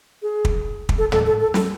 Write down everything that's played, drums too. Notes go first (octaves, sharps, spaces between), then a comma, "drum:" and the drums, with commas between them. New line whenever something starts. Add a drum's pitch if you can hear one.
G#4
drum: kick
drum: kick
A4
A4, drum: tom
A4
A4
A4, drum: snare